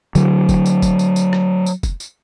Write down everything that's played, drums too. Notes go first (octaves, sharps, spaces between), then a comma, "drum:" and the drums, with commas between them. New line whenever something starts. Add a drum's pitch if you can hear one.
D3 F#3, drum: tambourine
drum: kick, tambourine
drum: tambourine
drum: kick, tambourine
drum: tambourine
drum: tambourine
drum: rim click
drum: tambourine
drum: kick, tambourine
drum: tambourine